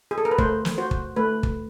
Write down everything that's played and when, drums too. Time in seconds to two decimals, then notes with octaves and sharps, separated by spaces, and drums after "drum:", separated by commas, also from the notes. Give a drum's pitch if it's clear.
0.11 G#4
0.18 A4
0.25 A#4
0.31 B4
0.38 A3 C5, drum: kick
0.65 drum: snare
0.78 F#4 C5
0.91 drum: kick
1.16 A3 B4
1.43 drum: kick